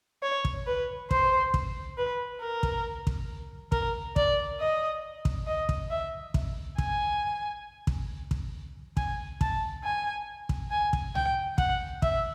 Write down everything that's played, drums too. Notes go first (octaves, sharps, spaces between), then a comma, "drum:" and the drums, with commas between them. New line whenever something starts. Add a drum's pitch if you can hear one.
C#5
drum: kick
B4
C5, drum: kick
drum: kick
B4
A#4
drum: kick
drum: kick
A#4, drum: kick
D5, drum: kick
D#5
drum: kick
D#5
drum: kick
E5
drum: kick
G#5, drum: kick
drum: kick
drum: kick
G#5, drum: kick
A5, drum: kick
G#5
drum: kick
G#5
drum: kick
G5, drum: tom C2
F#5, drum: kick
E5, drum: kick